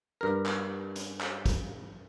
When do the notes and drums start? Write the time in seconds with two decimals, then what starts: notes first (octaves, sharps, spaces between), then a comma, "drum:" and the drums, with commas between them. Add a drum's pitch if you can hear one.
0.21 G2 A#4
0.46 drum: clap
0.96 drum: hi-hat
1.21 drum: clap
1.46 drum: kick, hi-hat